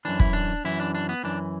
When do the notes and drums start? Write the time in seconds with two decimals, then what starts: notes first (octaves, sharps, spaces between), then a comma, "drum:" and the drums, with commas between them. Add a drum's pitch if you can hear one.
0.05 F#2 E3 D4
0.20 E4, drum: kick
0.33 D4
0.65 F#2 E3 E4
0.80 D4
0.95 D4
1.09 B3
1.24 F#2 E3 D4